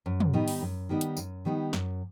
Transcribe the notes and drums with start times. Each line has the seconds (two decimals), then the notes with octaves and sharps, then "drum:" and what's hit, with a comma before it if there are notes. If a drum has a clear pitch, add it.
0.06 F#2
0.20 drum: tom
0.33 D#3 G3 B3 D#4
0.48 drum: open hi-hat
0.62 F#2
0.89 D#3 G3 B3 D#4
1.01 drum: hi-hat
1.17 F#2, drum: tambourine
1.45 D#3 G3 B3 D#4
1.73 F#2, drum: snare